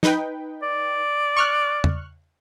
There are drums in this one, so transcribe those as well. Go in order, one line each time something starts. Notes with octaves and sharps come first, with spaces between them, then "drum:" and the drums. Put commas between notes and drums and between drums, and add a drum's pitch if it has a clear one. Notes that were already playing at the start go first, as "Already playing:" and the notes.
D#4 B4 G5, drum: snare
D5
C#6 F6 F#6
drum: tom E2